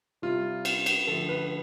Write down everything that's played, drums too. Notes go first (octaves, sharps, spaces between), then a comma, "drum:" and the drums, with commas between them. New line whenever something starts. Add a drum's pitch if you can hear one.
C3 G3 F4
drum: cymbal
drum: cymbal
D3 F3 A3 A4
B4